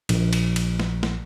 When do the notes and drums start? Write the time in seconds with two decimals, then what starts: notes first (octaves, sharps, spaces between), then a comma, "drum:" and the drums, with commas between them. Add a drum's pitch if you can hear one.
0.09 A#1, drum: cymbal
0.33 drum: cymbal
0.56 drum: cymbal
0.80 drum: snare
1.03 drum: snare